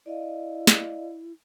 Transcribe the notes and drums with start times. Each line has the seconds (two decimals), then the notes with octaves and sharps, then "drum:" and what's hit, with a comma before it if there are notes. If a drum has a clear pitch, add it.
0.06 E4 D5 D#5 F5
0.67 drum: snare